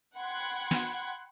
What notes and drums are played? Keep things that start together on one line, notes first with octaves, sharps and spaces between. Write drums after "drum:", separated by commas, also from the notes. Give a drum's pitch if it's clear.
F#5 G5 B5 C6 F#6 G#6
drum: snare